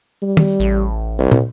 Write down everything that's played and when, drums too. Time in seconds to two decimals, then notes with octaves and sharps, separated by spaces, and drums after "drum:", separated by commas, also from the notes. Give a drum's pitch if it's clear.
0.22 G3
0.37 drum: tom
0.60 A1
1.18 C2
1.32 drum: tom